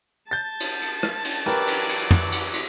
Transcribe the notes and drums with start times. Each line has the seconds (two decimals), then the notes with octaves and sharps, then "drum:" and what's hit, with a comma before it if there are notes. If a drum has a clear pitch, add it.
0.31 A5 G6 A6
0.60 drum: cymbal
0.82 drum: cymbal
1.03 drum: rim click
1.25 drum: cymbal
1.46 E3 F#3 G4 A#4 B4 D5, drum: rim click
1.68 drum: cymbal
1.89 drum: cymbal
2.11 drum: tom
2.32 drum: cymbal
2.53 drum: cymbal